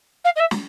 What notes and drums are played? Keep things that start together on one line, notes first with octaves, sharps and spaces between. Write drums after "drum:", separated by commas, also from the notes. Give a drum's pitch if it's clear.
F5
D#5
E5
drum: snare